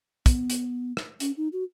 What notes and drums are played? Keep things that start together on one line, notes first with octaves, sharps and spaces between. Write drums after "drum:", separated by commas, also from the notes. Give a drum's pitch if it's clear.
B3, drum: kick, hi-hat
drum: hi-hat
drum: rim click
C#4, drum: hi-hat
D#4
F#4